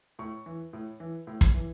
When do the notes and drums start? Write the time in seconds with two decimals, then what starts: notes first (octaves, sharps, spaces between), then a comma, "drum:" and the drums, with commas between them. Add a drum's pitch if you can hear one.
0.19 A2 C#6
0.46 E3
0.73 A2
1.00 E3
1.27 A2
1.41 drum: kick
1.54 E3